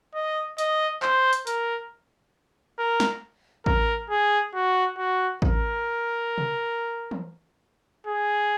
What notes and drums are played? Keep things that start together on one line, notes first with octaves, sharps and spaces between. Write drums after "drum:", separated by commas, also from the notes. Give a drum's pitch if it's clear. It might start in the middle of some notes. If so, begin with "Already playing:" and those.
D#5
D#5, drum: hi-hat
C5, drum: clap
drum: hi-hat
A#4, drum: hi-hat
A#4
drum: snare
A#4, drum: kick A1
G#4
F#4
F#4
A#4, drum: kick A1
drum: tom B2
drum: tom E3
G#4